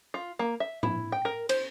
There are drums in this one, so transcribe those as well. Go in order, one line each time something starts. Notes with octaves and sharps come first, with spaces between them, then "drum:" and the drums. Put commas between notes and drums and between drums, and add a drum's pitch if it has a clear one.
F4
A#3
E5
E4, drum: tom
G5
A#4
C5, drum: cymbal